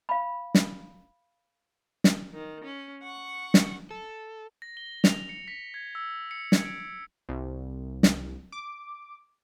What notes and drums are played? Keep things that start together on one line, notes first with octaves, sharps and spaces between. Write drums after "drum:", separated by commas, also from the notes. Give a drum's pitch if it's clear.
F5 B5
drum: snare
drum: snare
D#3
C#4
F#5 C#6
drum: snare
A4
A#6
G7
F7, drum: snare
C#7
B6
G#6
E6
C#7
G#6, drum: snare
D7
C2
drum: snare
D6